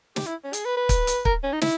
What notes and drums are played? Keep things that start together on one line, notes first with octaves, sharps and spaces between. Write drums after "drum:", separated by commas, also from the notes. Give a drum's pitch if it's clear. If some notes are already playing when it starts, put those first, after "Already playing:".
G4, drum: snare
E4
C#4
G#4, drum: hi-hat
B4
B4
drum: kick, hi-hat
drum: hi-hat
A#4, drum: kick
C#4
D#4
E4, drum: snare